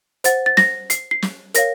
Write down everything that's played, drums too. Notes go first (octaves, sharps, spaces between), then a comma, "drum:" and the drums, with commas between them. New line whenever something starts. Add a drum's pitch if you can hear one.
C5 F#5 A6, drum: hi-hat
A6
A#6, drum: snare
C7, drum: hi-hat
C7
drum: snare
A#4 C#5 F5 A#6, drum: hi-hat